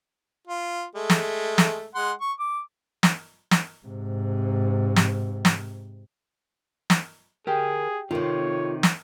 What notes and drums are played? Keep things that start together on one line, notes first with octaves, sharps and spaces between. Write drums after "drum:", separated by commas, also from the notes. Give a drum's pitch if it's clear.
F4
G#3 A3
drum: snare
drum: snare
G#3 F#5 C6
C#6
D6
drum: snare
drum: snare
G#2 C3
drum: snare
drum: snare
drum: snare
G4 G#4 A#4 G5
C3 D#3 F4 A4 C#5
drum: snare